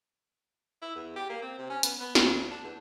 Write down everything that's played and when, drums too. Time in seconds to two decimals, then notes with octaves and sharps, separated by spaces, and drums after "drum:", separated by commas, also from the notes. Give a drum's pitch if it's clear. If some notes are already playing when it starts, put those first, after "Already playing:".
0.82 E4
0.95 E2
1.16 G4
1.29 A#3
1.42 C4
1.58 C3
1.70 C#4
1.83 B3, drum: hi-hat
2.00 B3
2.15 D2, drum: snare
2.51 D4
2.64 E2